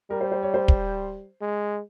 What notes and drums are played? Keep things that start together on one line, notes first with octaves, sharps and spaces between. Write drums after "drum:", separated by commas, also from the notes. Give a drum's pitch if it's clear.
G3 A#4
C5
C5
C#5
C5
drum: kick
G#3